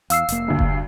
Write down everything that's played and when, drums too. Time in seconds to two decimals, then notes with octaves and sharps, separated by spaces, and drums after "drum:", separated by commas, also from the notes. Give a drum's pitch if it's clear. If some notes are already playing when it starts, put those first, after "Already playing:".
0.10 E2 F5 E6 C7, drum: hi-hat
0.29 F1 A#3, drum: hi-hat
0.48 D2 G2
0.59 drum: kick F1